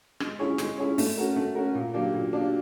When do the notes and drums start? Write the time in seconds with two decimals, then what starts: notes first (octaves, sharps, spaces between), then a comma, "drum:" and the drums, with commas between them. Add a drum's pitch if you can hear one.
0.20 G#3, drum: rim click
0.39 C#4 E4 G#4 C#5
0.58 G#3, drum: snare
0.78 C#4 E4 G#4 C#5
0.98 A3, drum: open hi-hat
1.17 C#4 F#4 A#4
1.36 A3
1.55 C#4 F#4 A#4
1.75 A#2
1.94 F#3 A#3 D4 G4
2.13 A#2
2.33 F#3 A#3 D4 G4